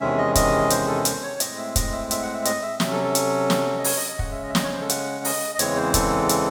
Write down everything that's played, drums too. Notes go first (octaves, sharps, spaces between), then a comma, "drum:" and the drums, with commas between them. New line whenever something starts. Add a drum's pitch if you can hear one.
E2 C3 D#3 G#3 C#4 E5
D#5
D#5, drum: kick, hi-hat
C5, drum: hi-hat
A4
C5, drum: hi-hat
C#5
A2 G#3 C4 D#5, drum: hi-hat
E5
D#5, drum: kick, hi-hat
E5
E5, drum: hi-hat
F#5
E5
D#5, drum: hi-hat
E5
C3 F#3 C#4 E5, drum: snare
A4
A4
drum: hi-hat
drum: snare
D#5
C#5, drum: open hi-hat
D#5
D#5
C#3 G#3 C#4 F#5, drum: kick
E5
D#5
E5
D#5, drum: snare
C#5
C5
A4
F#5, drum: hi-hat
D#5, drum: open hi-hat
D#5
E2 C#3 E3 G#3 C4 C#5, drum: hi-hat
C5
A4, drum: kick, hi-hat
drum: hi-hat